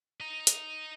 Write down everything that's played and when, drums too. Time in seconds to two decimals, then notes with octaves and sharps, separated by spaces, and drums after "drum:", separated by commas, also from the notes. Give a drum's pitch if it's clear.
0.20 D#5 A#5
0.47 drum: hi-hat